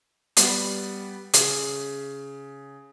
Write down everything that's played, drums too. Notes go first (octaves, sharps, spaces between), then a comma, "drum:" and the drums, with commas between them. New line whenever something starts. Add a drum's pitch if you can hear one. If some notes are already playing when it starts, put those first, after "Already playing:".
G3 B3, drum: hi-hat
C#3, drum: hi-hat